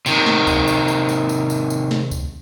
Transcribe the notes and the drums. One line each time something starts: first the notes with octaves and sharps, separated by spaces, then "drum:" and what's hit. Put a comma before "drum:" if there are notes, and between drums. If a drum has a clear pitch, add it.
C3 D#3, drum: tambourine
drum: snare
drum: kick C#2, tambourine
drum: tambourine
drum: tambourine
drum: tambourine
drum: tambourine
drum: tambourine
drum: tambourine
drum: snare
drum: kick C#2, tambourine